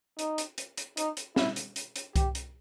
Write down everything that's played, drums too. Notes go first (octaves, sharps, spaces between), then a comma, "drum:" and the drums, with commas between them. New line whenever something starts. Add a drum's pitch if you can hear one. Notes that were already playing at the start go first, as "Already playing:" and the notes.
D#4, drum: hi-hat
drum: hi-hat
drum: hi-hat
drum: hi-hat
D#4, drum: hi-hat
drum: hi-hat
E4, drum: snare
drum: hi-hat
drum: hi-hat
drum: hi-hat
G4, drum: kick C2, hi-hat
drum: hi-hat